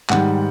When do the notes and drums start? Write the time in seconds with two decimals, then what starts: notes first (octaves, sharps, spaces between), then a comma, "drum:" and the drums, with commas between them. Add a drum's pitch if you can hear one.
0.10 G#2 D#3 G3 F#5, drum: clap